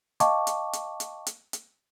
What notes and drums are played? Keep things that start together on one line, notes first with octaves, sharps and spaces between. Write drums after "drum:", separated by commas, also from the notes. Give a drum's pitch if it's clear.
D#5 F5 G5 A5 C#6 D6, drum: hi-hat
drum: hi-hat
drum: hi-hat
drum: hi-hat
drum: hi-hat
drum: hi-hat